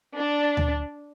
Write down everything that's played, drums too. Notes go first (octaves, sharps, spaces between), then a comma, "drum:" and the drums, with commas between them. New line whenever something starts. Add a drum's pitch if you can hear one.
D4
drum: tom D2